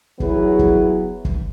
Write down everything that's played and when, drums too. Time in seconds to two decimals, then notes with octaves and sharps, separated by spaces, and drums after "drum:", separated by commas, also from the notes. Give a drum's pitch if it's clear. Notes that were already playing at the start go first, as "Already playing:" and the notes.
0.20 F#3 B3 E4 G#4, drum: kick
0.59 drum: kick
1.25 drum: kick